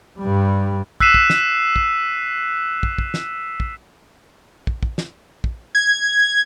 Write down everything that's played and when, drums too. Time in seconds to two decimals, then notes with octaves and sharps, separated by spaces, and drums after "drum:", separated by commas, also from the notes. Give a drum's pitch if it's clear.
0.18 G2 G3
1.00 E6 F#6 B6 C7 D#7 E7, drum: kick
1.14 drum: kick
1.30 drum: snare
1.76 drum: kick
2.83 drum: kick
2.98 drum: kick
3.14 drum: snare
3.60 drum: kick
4.67 drum: kick
4.83 drum: kick
4.98 drum: snare
5.44 drum: kick
5.75 G#6